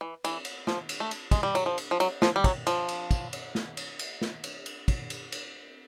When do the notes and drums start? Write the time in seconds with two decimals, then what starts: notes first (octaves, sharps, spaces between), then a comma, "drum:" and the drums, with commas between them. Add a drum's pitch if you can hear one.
0.01 E3
0.24 E3, drum: cymbal
0.45 drum: cymbal
0.67 F3, drum: snare
0.89 drum: cymbal
1.00 A3
1.11 drum: cymbal
1.31 G#3, drum: kick, cymbal
1.43 G3
1.55 F#3, drum: cymbal
1.66 F3
1.78 drum: cymbal
1.91 F3
2.00 F#3, drum: cymbal
2.22 F3, drum: snare
2.36 G3
2.44 F#3, drum: kick, cymbal
2.67 F3, drum: cymbal
2.88 drum: cymbal
3.11 drum: kick, cymbal
3.33 drum: cymbal
3.55 drum: snare
3.77 drum: cymbal
3.99 drum: cymbal
4.21 drum: snare
4.44 drum: cymbal
4.66 drum: cymbal
4.88 drum: kick, cymbal
5.10 drum: cymbal
5.32 drum: cymbal